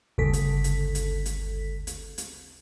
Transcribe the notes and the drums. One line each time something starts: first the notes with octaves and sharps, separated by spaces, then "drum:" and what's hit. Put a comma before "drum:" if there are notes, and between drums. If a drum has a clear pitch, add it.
G1 D2 C#3 A4 B6
drum: hi-hat
drum: hi-hat
drum: hi-hat
drum: hi-hat
drum: hi-hat
drum: hi-hat